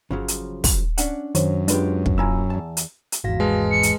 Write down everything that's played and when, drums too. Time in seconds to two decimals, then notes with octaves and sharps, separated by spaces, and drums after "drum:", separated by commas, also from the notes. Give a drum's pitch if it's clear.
0.11 G1 C#3 F3 F#3
0.28 drum: hi-hat
0.64 drum: kick, open hi-hat
0.98 C#4 D4 F#5, drum: hi-hat
1.35 F#2 D#3 C5 C#5, drum: hi-hat
1.68 G#3 D4 F4 G4 B4, drum: hi-hat
2.06 drum: kick
2.18 A#3 E4 F4 G#5 A#5 E6
2.50 E2 A5
2.77 drum: hi-hat
3.12 drum: hi-hat
3.24 G#1 E2 F#4 F5 A#6
3.40 G#3 B4 A5 F6
3.71 C#7
3.83 drum: hi-hat